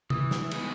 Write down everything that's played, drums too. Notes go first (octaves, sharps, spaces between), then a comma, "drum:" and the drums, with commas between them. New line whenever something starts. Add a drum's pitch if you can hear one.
E3 D#6, drum: tom
drum: snare
G#3 B3 D#4, drum: cymbal